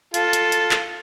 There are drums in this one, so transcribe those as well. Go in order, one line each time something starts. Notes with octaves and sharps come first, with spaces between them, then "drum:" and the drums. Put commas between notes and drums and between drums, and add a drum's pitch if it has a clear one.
F4 A4, drum: hi-hat
drum: hi-hat
drum: hi-hat
drum: clap